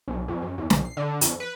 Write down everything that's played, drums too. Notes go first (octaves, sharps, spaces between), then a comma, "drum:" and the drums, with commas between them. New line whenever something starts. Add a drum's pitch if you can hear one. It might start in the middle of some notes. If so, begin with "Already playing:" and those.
B1
F2
F#2
E2
B1, drum: snare
C7
D3
F2, drum: hi-hat
B4